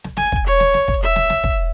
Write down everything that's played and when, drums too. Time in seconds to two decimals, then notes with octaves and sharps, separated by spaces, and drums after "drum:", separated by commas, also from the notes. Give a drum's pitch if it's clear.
0.04 drum: snare
0.17 G#5, drum: snare
0.32 drum: kick
0.46 C#5
0.60 drum: snare
0.74 drum: snare
0.88 drum: kick
1.03 E5
1.16 drum: snare
1.30 drum: snare
1.44 drum: kick